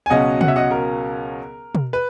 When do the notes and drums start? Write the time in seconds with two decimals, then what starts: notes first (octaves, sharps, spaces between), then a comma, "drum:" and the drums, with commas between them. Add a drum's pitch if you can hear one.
0.06 G#5
0.10 C#2 B2 F#3 C#4 D#5 F#5
0.41 F#5, drum: tom C3
0.48 E5
0.56 D#5 F#5
0.71 A#4
1.75 drum: tom B2
1.93 B4